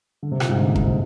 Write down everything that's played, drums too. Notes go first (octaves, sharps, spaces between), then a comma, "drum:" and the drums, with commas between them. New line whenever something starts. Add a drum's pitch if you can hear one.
D3
C3
A#2, drum: rim click
G#2
D3
A#2
G#2, drum: kick
A#2